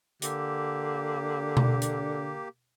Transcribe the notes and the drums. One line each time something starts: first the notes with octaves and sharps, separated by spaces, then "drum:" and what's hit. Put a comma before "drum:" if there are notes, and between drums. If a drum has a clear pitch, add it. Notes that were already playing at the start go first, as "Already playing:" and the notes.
D3 A#3 G4, drum: hi-hat
drum: tom B2
drum: hi-hat